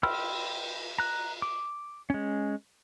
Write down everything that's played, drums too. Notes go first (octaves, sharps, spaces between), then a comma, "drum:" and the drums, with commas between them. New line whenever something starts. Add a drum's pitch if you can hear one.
G5 B5 C6 E6 F6, drum: cymbal
A#5 F#6
D6
G#3 C#4